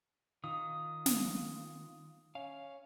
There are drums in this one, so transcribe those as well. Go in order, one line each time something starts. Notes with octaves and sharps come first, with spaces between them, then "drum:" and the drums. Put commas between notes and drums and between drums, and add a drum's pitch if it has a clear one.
D#3 F4 D#6
drum: snare
C#4 F5